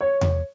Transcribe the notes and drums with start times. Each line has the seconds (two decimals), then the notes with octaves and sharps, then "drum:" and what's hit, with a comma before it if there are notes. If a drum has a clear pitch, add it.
0.01 C#5
0.21 drum: tom E2